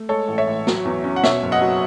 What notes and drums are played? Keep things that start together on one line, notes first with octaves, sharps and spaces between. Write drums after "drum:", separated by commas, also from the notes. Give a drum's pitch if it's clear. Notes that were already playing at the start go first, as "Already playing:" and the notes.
Already playing: A3
G#3 A4 C#5
A1
C#5 E5
A1
F#3, drum: snare
E2
C#4
F#5
B2 C#5 E5, drum: snare
F#1
D#5 F#5
F#3